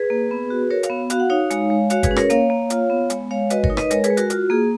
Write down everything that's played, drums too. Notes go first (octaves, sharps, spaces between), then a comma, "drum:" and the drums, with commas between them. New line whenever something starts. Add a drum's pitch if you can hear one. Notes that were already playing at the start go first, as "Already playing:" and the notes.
Already playing: G#4 B4
A#3
B3
F#4
F#4 A#4 C#5
C#5 F5, drum: hi-hat
B3
F#4 F5, drum: hi-hat
F#5
D#4 C#5 F5
G#3, drum: hi-hat
G#3
F#4 C#5 F5, drum: hi-hat
G#4 B4, drum: kick G1, hi-hat
C#4
A#4 C#5, drum: rim click
A#3 C#5 F5, drum: hi-hat
A#3
F4, drum: hi-hat
B3
G#3, drum: hi-hat
G#3 C#5 F5
F#4 B4 D#5, drum: hi-hat
A#4 C#5, drum: kick G1
D#4
B4 D#5, drum: rim click
G#3 A#4 C#5, drum: hi-hat
G#4 B4, drum: hi-hat
G#3
F#4 A#4, drum: hi-hat
F4 F#4, drum: hi-hat
A#3 G#4